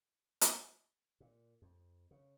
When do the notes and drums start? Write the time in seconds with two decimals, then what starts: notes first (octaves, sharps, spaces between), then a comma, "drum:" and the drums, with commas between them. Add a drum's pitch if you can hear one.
0.41 drum: hi-hat
1.20 A#2
1.62 F2
2.11 C#3